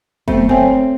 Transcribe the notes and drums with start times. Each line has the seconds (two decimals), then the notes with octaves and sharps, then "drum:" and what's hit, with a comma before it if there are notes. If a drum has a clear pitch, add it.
0.28 A3 B3 C4, drum: kick F1
0.49 C4 C#5 G5 G#5